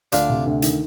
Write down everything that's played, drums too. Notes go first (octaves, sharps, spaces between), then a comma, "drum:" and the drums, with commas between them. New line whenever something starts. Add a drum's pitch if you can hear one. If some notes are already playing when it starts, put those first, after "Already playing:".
D2 D4 F4, drum: hi-hat
C3
D2
D#3, drum: hi-hat